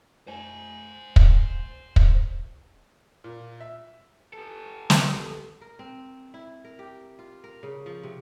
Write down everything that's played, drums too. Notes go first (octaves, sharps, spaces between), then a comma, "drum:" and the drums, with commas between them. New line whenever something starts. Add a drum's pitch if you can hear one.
C5 G#5
drum: kick
drum: kick
A#2
E5
G4 A4
drum: snare
A#4
C4
E4
A#4
G4
F4
A#4
C#3
F3
C3